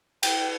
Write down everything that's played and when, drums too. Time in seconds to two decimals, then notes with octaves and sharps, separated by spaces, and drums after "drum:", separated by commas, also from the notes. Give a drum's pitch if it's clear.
0.23 G5, drum: cymbal